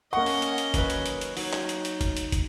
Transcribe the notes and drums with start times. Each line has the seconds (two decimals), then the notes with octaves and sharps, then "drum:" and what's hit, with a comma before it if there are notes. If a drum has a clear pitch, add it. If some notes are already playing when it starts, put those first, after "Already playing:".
0.13 A#3 C#4 D#5 F#5 C#6
0.26 drum: open hi-hat
0.42 drum: hi-hat
0.58 drum: hi-hat
0.74 D#3 F#3 B4, drum: kick, hi-hat
0.90 drum: hi-hat
1.06 drum: hi-hat
1.21 drum: hi-hat
1.37 F#3 D#4, drum: open hi-hat
1.53 drum: clap
1.69 drum: hi-hat
1.85 drum: hi-hat
2.01 drum: kick, hi-hat
2.17 drum: hi-hat
2.32 drum: kick, hi-hat